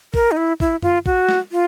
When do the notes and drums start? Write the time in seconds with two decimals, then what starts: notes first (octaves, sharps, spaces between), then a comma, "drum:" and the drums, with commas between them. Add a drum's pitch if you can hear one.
0.14 A#4, drum: kick A1
0.31 D#4
0.37 E4
0.60 E4, drum: kick A1
0.82 F4, drum: tom F#2
1.06 F#4, drum: kick A1
1.29 drum: snare
1.52 F4